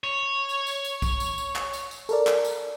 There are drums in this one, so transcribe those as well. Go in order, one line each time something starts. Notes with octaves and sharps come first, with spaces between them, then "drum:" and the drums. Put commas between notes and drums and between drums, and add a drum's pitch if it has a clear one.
C#5
drum: tambourine
drum: tambourine
drum: tambourine
drum: kick, tambourine
drum: tambourine
drum: tambourine
drum: clap
drum: tambourine
drum: tambourine
A4 A#4 D5, drum: tambourine
drum: clap
drum: tambourine